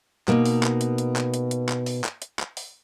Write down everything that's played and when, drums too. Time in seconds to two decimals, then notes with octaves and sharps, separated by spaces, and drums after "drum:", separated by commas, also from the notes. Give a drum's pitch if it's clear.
0.28 B2 A#3 D#4, drum: clap
0.46 drum: open hi-hat
0.63 drum: clap
0.81 drum: hi-hat
0.98 drum: hi-hat
1.16 drum: clap
1.34 drum: hi-hat
1.51 drum: hi-hat
1.69 drum: clap
1.86 drum: open hi-hat
2.04 drum: clap
2.22 drum: hi-hat
2.39 drum: clap
2.57 drum: open hi-hat